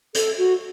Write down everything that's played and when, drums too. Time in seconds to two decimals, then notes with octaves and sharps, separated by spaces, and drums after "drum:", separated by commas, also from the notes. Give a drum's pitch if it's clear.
0.15 A4, drum: hi-hat
0.38 F#4